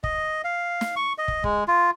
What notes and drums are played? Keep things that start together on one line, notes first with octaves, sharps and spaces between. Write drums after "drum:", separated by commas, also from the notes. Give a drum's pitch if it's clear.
D#5, drum: kick
F5
drum: snare
C#6
D#5
drum: kick
G#3, drum: kick
F4